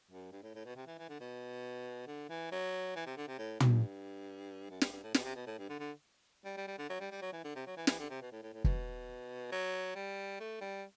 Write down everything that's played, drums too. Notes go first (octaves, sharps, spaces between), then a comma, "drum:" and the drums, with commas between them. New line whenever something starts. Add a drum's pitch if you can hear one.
F#2
G2
A2
A2
B2
C3
E3
E3
D3
B2
D3
E3
F#3
E3
C3
D3
C3
A2
G2, drum: tom
F#2
G2, drum: snare
G2
A2
B2, drum: snare
C3
B2
A2
G2
D3
D3
G3
G3
G3
D3
F#3
G3
G3
F#3
E3
D3
C3
F#3
E3
E3, drum: snare
D3
C3
B2
A2
A2
A2
B2, drum: kick
F#3
G3
A3
G3